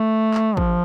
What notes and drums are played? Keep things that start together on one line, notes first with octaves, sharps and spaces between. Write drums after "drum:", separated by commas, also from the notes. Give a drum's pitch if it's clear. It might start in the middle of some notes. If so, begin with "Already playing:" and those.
Already playing: A3
drum: clap
F3, drum: kick